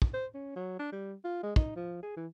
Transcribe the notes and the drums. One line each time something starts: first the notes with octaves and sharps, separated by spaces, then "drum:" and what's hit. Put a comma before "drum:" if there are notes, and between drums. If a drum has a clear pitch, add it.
drum: kick
C5
C#4
F#3
D4
G3
F4
G#3
D#4, drum: kick
F3
G#4
E3